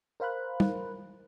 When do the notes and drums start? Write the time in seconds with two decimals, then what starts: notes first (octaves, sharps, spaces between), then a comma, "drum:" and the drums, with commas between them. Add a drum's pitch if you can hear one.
0.20 A#4 C5 F5 B5 F#6
0.60 drum: tom